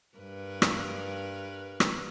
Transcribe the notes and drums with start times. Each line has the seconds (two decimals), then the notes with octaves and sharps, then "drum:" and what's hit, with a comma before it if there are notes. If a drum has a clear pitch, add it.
0.17 G2 A#4 B4
0.62 drum: rim click
1.80 drum: rim click